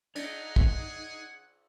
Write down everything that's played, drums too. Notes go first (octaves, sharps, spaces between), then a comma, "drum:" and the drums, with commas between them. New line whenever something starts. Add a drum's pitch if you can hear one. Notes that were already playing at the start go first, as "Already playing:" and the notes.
D4 D#4 G#4 F#5 G#5, drum: cymbal
drum: kick